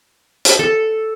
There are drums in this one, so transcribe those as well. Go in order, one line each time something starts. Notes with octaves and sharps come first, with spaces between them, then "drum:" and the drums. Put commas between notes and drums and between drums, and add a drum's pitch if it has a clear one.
drum: hi-hat
A4